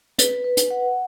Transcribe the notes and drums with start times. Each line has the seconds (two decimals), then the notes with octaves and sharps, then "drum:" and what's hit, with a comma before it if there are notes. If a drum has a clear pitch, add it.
0.18 B4, drum: hi-hat
0.44 B4
0.57 drum: hi-hat
0.71 F#5